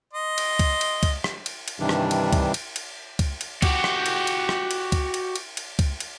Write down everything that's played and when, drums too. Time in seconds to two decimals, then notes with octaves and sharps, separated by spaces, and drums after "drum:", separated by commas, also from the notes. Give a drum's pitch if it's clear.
0.13 D#5 C6
0.38 drum: cymbal
0.59 drum: kick C#2, cymbal
0.81 drum: cymbal
1.03 drum: kick C#2, cymbal
1.24 drum: rim click
1.46 drum: cymbal
1.68 drum: cymbal
1.80 G2 C3 D#3 E3 G3 D4
1.89 drum: rim click
2.11 drum: cymbal
2.33 drum: kick C#2, cymbal
2.54 drum: cymbal
2.76 drum: cymbal
3.19 drum: kick C#2, cymbal
3.41 drum: cymbal
3.62 F#4 G4, drum: kick C#2, cymbal
3.84 drum: rim click
4.06 drum: cymbal
4.27 drum: cymbal
4.49 drum: rim click
4.71 drum: cymbal
4.92 drum: kick C#2, cymbal
5.14 drum: cymbal
5.36 drum: cymbal
5.57 drum: cymbal
5.79 drum: kick C#2, cymbal
6.00 drum: cymbal